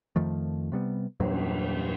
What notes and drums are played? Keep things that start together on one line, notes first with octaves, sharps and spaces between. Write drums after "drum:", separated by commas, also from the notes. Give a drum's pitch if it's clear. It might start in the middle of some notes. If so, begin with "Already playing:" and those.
F2 D#3 F3 A3
C3 G3 B3
E2 G2 A#2 F#3, drum: cymbal